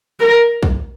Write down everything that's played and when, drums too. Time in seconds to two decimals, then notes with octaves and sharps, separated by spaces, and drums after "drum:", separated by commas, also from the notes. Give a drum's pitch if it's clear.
0.20 A#4
0.63 drum: kick